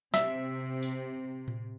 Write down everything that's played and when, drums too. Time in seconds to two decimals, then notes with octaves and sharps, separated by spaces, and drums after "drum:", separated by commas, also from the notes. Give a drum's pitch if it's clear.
0.14 C3 E5, drum: snare
0.83 drum: open hi-hat
1.48 drum: tom A2